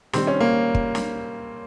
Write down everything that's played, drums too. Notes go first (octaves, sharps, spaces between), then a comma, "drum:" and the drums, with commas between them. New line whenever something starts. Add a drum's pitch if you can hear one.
C3 D#3 G3 C4, drum: snare
C#4
A#3
drum: kick
drum: snare